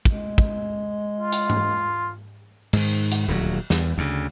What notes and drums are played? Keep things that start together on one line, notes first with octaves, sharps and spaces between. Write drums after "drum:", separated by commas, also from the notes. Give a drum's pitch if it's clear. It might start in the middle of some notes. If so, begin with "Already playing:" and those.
G#3, drum: kick
drum: kick
F4
drum: hi-hat
drum: tom G#2
G#2 D#3, drum: cymbal
drum: hi-hat
D#1 D2 E3 F#3
E2, drum: snare
D2 C#3